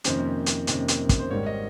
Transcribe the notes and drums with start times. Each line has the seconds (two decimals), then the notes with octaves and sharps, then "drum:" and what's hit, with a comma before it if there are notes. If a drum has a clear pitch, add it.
0.04 F2 C3 D#3 A#3 C#4 C5, drum: hi-hat
0.46 drum: hi-hat
0.67 F2 C3 D#3 A#3 C#4, drum: hi-hat
0.88 drum: hi-hat
1.09 drum: kick, hi-hat
1.19 C5
1.30 G#1 G#2 D#3 G3 C#5
1.46 D#5